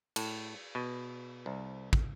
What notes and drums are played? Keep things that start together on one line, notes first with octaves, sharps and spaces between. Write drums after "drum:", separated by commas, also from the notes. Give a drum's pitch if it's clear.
A2, drum: cymbal
B2
C2
drum: kick